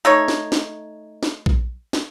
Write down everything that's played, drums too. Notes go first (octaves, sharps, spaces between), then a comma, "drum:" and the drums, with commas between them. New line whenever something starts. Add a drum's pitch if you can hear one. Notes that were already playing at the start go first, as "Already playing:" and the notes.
A3 D#4 C#5
drum: snare
drum: snare
drum: snare
drum: kick A#1
drum: snare